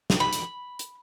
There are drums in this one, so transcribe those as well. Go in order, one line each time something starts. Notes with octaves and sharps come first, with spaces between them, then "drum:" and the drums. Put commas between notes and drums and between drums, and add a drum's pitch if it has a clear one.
drum: snare
B5
drum: hi-hat
drum: hi-hat